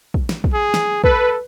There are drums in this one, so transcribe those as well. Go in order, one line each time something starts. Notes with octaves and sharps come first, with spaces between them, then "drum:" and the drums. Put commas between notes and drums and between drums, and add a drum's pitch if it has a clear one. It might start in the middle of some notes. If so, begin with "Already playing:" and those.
drum: kick
drum: snare
drum: kick
G#4
drum: snare
A4 B4, drum: kick